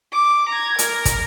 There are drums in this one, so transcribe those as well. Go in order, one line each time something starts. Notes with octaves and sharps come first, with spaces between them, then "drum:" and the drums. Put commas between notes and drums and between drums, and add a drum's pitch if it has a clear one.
D6
A#5 G#6
A#4, drum: hi-hat
drum: kick, hi-hat